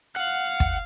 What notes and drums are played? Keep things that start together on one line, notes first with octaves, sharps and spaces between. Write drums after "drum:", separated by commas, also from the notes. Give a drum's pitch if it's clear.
F5 F#5
drum: kick